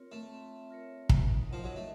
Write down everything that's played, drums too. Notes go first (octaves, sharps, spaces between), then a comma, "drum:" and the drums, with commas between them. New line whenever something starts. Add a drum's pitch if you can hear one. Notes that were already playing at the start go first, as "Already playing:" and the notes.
Already playing: C4 F4 A#4 C#5
A3
C4
F4 A#4 C#5
D#4, drum: kick
F3 A#4 D#5 F#5
F#3
A3